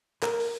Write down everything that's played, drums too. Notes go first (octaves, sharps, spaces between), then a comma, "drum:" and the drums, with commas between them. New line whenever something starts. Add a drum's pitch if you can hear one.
A#4, drum: clap
drum: open hi-hat